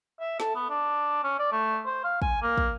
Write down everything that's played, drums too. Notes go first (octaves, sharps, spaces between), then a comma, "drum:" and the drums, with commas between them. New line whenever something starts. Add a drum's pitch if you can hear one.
E5
A4, drum: snare
B3
D4
C#4
D5
A3
C5
F5
G#5, drum: kick
A#3
drum: kick